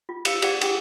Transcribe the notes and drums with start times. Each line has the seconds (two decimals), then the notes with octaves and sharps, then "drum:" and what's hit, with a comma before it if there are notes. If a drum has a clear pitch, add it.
0.09 F4
0.25 G4 C#5 F5 E6, drum: cymbal
0.42 G4 G#4 C5 D5 F5 F#5, drum: cymbal
0.61 G4 G#4 G5 D#6, drum: cymbal